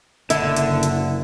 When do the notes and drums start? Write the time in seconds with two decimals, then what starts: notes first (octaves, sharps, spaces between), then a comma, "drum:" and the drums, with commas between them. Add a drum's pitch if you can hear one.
0.30 F#1 D3 E4, drum: hi-hat
0.56 drum: hi-hat
0.83 drum: hi-hat